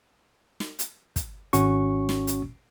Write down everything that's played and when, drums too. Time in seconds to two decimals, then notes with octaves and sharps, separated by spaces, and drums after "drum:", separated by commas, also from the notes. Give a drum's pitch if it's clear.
0.60 drum: snare
0.79 drum: hi-hat
1.16 drum: kick, hi-hat
1.53 G#1 C#4 F#4 C#6, drum: hi-hat
2.09 drum: snare
2.27 drum: hi-hat